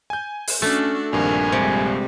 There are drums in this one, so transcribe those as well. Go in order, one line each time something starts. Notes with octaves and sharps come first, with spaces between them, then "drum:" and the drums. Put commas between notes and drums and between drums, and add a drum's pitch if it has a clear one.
G#5 G6
drum: open hi-hat
A3 C#4 D4 F#4 E6
A#1 G2 D#3 C4 A#4 G#5
C3 G3 G#3